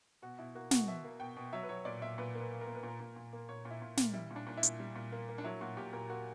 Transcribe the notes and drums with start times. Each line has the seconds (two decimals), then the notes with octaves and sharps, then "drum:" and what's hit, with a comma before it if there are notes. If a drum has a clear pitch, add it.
0.22 B2 F#4
0.39 B2 E4
0.55 A#3 F#4
0.71 B2 F#4, drum: snare
0.88 B2 E5
1.04 A#3
1.20 B2 G5
1.37 B2
1.53 F#3 E5
1.63 B4
1.69 F#3 C#5
1.85 A#2 D5
2.02 A#2 E5
2.18 A#2 B4
2.35 A#3
2.40 B4
2.51 A#3
2.61 A#4
2.67 A#3
2.75 B4
2.83 A#2 A#4
3.00 A#2
3.16 A#2
3.33 A#3
3.49 A#2 C#5
3.65 A#2
3.71 E4
3.82 A#2
3.97 A#2, drum: snare
4.13 G3 E4
4.31 A#2
4.36 D4
4.47 A#2 D4
4.57 E4
4.63 A#2, drum: hi-hat
4.80 G3
4.96 A#2
5.12 A#3
5.29 A#3
5.38 D4
5.44 F#3 E4
5.61 A#2 F#4
5.77 A#2 G4
5.93 A#2 A#4
6.10 A#3 F#4